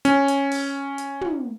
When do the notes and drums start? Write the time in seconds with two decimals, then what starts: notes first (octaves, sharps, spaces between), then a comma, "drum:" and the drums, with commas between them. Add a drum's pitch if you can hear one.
0.05 C#4, drum: hi-hat
0.28 drum: hi-hat
0.51 drum: open hi-hat
0.98 drum: hi-hat
1.21 drum: tom